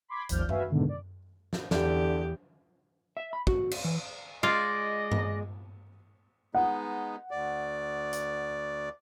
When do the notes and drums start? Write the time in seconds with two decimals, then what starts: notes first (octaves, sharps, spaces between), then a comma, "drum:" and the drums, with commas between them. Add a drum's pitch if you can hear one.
0.08 B5 C6 D6 G#6 B6
0.29 G#1 D#2 F3 D5 F6 G6, drum: hi-hat
0.49 F#4 B4 E5 F5 G#5, drum: tom F#2
0.70 E2 G#2 B2 D3 D#3
0.89 D5
1.53 drum: snare
1.71 E2 D3 G4, drum: snare
3.17 E5
3.33 B5
3.47 F#4, drum: kick
3.71 drum: cymbal
3.84 E3
4.43 G#3 F4 D5 D#5
5.12 drum: tom G2
6.55 G#3 B3 D#4 F#5
7.31 D2 D5
8.13 drum: hi-hat